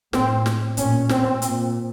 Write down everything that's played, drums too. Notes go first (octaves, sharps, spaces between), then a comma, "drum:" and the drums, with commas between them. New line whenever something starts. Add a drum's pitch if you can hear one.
A2 C4, drum: snare
drum: snare
A#2 C#4, drum: hi-hat
C4, drum: snare
A#2, drum: hi-hat